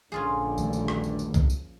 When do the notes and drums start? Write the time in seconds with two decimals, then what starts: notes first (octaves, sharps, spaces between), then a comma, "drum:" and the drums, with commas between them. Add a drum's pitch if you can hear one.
0.12 A#1 G2 D3 C#4 F4 G#4
0.58 D#2 G3 A3, drum: tambourine
0.73 drum: tambourine
0.88 drum: rim click
1.04 drum: tambourine
1.19 drum: tambourine
1.34 drum: kick, tambourine
1.50 drum: tambourine